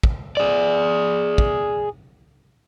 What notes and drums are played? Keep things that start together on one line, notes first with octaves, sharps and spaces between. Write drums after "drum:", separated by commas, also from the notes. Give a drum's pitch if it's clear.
drum: kick
G#4 D5
drum: kick